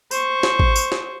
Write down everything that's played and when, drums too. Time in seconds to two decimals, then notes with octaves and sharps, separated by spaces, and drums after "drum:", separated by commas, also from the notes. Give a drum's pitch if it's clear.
0.11 C5 C#6, drum: tambourine
0.43 drum: snare
0.59 drum: kick
0.76 drum: tambourine
0.92 drum: snare